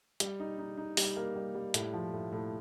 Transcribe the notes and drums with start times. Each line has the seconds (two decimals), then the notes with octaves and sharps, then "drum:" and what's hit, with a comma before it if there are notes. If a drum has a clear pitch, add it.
0.20 G3, drum: hi-hat
0.40 D#4
0.58 D#4
0.77 D#4
0.97 G3, drum: open hi-hat
1.16 A#3
1.35 G3
1.55 G3
1.74 A2, drum: hi-hat
1.94 F3
2.13 A2
2.32 A2